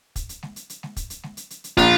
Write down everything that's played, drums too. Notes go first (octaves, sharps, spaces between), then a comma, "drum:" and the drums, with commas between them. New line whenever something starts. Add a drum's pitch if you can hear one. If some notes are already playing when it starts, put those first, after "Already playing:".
drum: kick, hi-hat
drum: hi-hat
drum: snare
drum: hi-hat
drum: hi-hat
drum: snare
drum: kick, hi-hat
drum: hi-hat
drum: snare
drum: hi-hat
drum: hi-hat
drum: hi-hat
A#1 F4, drum: kick, hi-hat